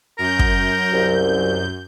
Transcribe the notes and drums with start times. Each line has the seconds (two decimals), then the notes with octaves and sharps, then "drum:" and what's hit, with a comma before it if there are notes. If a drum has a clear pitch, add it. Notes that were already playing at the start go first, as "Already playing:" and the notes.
0.19 F#2 A#4 G6
0.39 drum: kick
0.92 C2